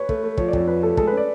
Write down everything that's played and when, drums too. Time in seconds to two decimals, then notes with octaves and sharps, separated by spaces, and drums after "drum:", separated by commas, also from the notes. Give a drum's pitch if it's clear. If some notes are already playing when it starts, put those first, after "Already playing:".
Already playing: B4 C#5
0.09 A3, drum: kick
0.24 A3
0.38 F3 C#5, drum: kick
0.48 D5
0.53 F2 C#5, drum: kick
0.67 F3 B4
0.83 A3 A4
0.97 G#3 A4, drum: kick
1.07 B4
1.12 C#4
1.17 D5